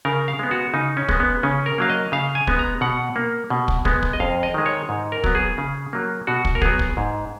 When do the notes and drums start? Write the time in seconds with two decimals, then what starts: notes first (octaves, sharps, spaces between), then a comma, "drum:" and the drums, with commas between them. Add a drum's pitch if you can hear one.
0.05 C#3 A#4
0.28 F5
0.39 G#3 B3
0.51 F#4
0.74 C#3 D#4
0.97 C#4
1.08 G#3 B3, drum: kick
1.20 B3
1.43 C#3 C#4
1.66 A#4
1.78 F#3 A#3 F5
1.89 D#5
2.12 C#3 F5
2.35 G#5
2.47 G#3 B3, drum: kick
2.59 A#5
2.81 B2 F#5
3.16 A#3
3.50 B2
3.68 drum: kick
3.85 G#3 B3, drum: kick
4.03 drum: kick
4.13 D#5
4.20 F2 F5
4.43 D#5
4.54 D#3 G#3
4.66 C#5
4.89 G#2
5.12 A#4
5.24 F#3 B3, drum: kick
5.35 G#4
5.58 C#3
5.93 F#3 A#3
6.27 B2 F#4
6.45 drum: kick
6.55 A#4
6.62 F#3 B3 G#4, drum: kick
6.79 drum: kick
6.97 G#2